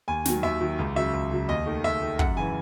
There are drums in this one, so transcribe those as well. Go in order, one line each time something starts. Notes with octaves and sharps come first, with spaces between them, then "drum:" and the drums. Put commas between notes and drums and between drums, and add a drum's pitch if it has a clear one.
D#2 G#5
D#3 F#3, drum: snare
D#2 E5
D#3 F#3
C#2
C#3 F#3 E5
C#2
C#3 F#3
D#2 D#5
D#3 A3
D#2 E5
D#3 A3
F#2 F#5, drum: kick
C#3 E3 G#5